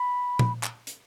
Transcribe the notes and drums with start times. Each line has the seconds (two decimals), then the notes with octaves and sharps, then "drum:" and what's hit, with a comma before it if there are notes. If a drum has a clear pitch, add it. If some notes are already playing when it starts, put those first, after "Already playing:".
Already playing: B5
0.39 drum: tom
0.63 drum: clap
0.87 drum: hi-hat